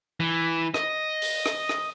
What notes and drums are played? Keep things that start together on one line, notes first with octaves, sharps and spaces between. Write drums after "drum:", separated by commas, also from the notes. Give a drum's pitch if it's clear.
E3
D#5, drum: rim click
drum: open hi-hat
drum: rim click
drum: rim click